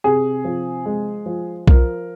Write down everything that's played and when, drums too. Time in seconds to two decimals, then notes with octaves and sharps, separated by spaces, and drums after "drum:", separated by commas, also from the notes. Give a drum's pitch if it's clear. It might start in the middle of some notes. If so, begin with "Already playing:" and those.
0.04 C3 G#4
0.45 F3
0.86 G#3
1.26 F3
1.67 F3 A#4, drum: kick B1